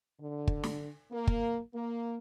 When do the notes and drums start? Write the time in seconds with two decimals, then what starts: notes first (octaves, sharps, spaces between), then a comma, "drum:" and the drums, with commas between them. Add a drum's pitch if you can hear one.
0.20 D3
0.47 drum: kick
0.63 drum: snare
1.11 A#3
1.27 drum: kick
1.74 A#3